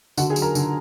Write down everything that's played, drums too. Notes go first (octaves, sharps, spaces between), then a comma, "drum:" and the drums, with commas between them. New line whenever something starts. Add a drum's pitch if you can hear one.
D3 F#4 F#5, drum: tambourine
G#4 G#5
F#3, drum: tambourine
A#4 A#5
D3, drum: tambourine